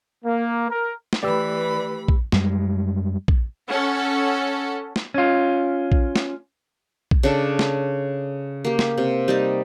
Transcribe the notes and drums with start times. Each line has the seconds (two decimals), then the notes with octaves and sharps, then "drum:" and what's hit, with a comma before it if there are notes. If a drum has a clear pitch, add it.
0.24 A#3
0.70 A#4
1.13 drum: snare
1.23 E3 A3 G4 B4 D5 B5 E6
2.08 drum: kick
2.32 F#2 G3 G#3, drum: snare
3.28 drum: kick
3.69 C#4 A4 F#5
4.96 drum: snare
5.14 C#4 F4
5.92 drum: kick
6.16 drum: snare
7.11 drum: kick
7.23 C#3 D4 A4
7.59 drum: snare
8.65 A#3 G4
8.79 drum: snare
8.98 C3
9.28 G3 D#4 D#5